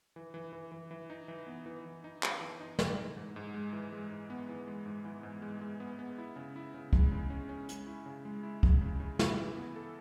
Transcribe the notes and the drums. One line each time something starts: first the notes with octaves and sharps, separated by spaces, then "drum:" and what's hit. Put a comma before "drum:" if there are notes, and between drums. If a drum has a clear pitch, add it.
E3
E3
E3
E3
E3
D#4
E3
B3
E3
E3
D#4
D#4, drum: clap
E3
D#4
E3, drum: snare
D#4
G#2
G#2
G#3
E3
G#3
G#2
B3
E3
G#3
G#2
E3
G#2
G#3
G#3
B3
B3
E4
C#3
E4
C#3
G#3, drum: kick
C#3
C#4
C#4
G#3, drum: hi-hat
E4
C#3
G#3
E4
G#3, drum: kick
C#3
C#3
E4, drum: snare
E3
B3
A4